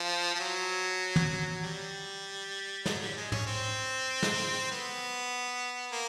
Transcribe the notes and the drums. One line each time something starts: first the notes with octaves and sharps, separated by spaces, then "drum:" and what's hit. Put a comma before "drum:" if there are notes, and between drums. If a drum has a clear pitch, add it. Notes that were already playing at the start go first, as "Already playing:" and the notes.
Already playing: F3
F3
F#3
drum: tom
G3
F#3, drum: snare
G3
G#3
C#4, drum: tom
C4
drum: snare
B3
A#3